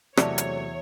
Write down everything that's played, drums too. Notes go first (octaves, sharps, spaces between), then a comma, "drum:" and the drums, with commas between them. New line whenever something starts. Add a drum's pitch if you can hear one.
E2 C3 F#3 A3 C#5 D5 A5, drum: rim click
drum: hi-hat